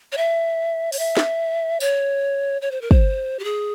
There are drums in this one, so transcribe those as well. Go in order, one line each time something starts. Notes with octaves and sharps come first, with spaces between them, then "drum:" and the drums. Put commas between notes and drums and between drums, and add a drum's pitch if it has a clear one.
C#5
E5
C#5, drum: open hi-hat
E5
drum: snare
C#5, drum: tambourine
C#5
C5
A#4
C5, drum: kick
G4
G#4